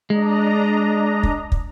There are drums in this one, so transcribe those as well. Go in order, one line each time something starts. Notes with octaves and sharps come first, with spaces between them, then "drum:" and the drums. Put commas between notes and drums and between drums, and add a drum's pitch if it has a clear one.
G#3 D4 D#5 A#5
drum: kick
drum: kick